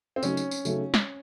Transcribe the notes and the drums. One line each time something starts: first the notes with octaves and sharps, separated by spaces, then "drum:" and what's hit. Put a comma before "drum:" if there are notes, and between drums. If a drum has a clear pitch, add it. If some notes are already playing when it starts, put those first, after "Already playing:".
C4
C#3 F#3 A3 C#4 D#4 F#4, drum: tambourine
drum: tambourine
drum: tambourine
C#3 F#3 A3 D#4 F#4, drum: tambourine
drum: snare